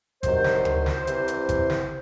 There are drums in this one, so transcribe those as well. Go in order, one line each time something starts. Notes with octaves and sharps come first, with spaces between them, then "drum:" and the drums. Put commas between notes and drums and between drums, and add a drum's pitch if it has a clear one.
C2 C3 D#3 F#3 C5, drum: kick G#1, hi-hat
drum: snare
drum: tom D2
drum: snare
C2 C3 E3, drum: hi-hat
drum: hi-hat
drum: kick G#1, hi-hat
drum: snare